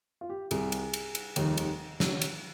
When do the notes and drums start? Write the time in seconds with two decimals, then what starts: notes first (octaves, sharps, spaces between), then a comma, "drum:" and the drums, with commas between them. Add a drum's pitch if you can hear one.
0.21 F4
0.30 G4
0.51 C2 C3 G3 G#4, drum: cymbal
0.72 drum: cymbal
0.94 drum: cymbal
1.15 drum: cymbal
1.36 F1 D#2 D#3 G3, drum: cymbal
1.58 drum: cymbal
2.00 drum: snare
2.22 drum: cymbal